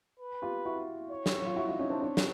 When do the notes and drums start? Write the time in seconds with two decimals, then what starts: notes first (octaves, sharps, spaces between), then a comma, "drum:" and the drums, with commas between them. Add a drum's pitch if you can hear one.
0.19 B4
0.42 F4 G4
0.65 E4 F#4
1.10 C#5
1.26 drum: snare
1.46 F4
1.56 E4 F#4
1.67 D#4 F4
1.79 C#4 D#4
1.90 C4 D4
2.02 C4 D4 C#5
2.17 drum: snare